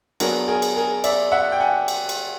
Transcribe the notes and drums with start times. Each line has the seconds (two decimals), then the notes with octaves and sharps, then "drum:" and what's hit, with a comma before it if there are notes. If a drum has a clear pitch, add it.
0.20 F#3 B3 D4 G#4 A#4, drum: cymbal
0.48 G#4 A#4
0.62 drum: cymbal
0.76 G#4 A#4
1.04 D5 E5, drum: cymbal
1.32 E5 F#5
1.52 G5
1.60 F#5 G#5
1.88 drum: cymbal
2.09 drum: cymbal